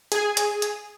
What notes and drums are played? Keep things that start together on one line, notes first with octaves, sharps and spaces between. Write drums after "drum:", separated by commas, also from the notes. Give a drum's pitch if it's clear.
G#4 G#5, drum: hi-hat
drum: hi-hat
drum: hi-hat